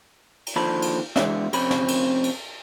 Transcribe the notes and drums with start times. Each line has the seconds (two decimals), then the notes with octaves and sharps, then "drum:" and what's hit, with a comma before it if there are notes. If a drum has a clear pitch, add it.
0.47 drum: cymbal
0.56 D#2 D3 F3 C5 A5 B5
0.82 drum: cymbal
1.16 E3 G#3 B3 D4 E5, drum: snare
1.53 F2 C3 C4 C#4 B5, drum: cymbal
1.71 drum: snare
1.88 drum: cymbal
2.24 drum: cymbal